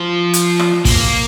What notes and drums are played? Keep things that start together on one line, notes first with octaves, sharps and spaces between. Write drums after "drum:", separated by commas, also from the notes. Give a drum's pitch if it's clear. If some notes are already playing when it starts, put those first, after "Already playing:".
Already playing: F3
drum: hi-hat
drum: rim click
A#3, drum: kick, open hi-hat